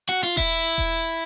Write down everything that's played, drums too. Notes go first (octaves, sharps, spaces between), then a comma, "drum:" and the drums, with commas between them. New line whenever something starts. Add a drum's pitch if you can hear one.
F#4
F4
E4, drum: kick E1
drum: kick E1